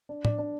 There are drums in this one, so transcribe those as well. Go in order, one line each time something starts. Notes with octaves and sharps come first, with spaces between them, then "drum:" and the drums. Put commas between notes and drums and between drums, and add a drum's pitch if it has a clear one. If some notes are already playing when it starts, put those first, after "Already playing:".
D4
D4, drum: tom A2
D4